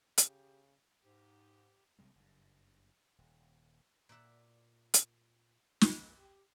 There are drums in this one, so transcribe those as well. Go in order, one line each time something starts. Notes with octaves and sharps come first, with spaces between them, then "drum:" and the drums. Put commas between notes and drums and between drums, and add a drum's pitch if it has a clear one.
C#3 G4, drum: hi-hat
G#2 G4
A#1 C3 G3 G#3
F#1 G2
D#1
A#2 D5 E5 F#5
drum: hi-hat
G#2 F3 G#3 A#3, drum: snare
G4